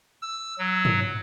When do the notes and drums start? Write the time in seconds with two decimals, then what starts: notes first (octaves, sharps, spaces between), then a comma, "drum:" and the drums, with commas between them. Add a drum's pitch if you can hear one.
0.22 E6
0.58 F#3
0.85 drum: tom G2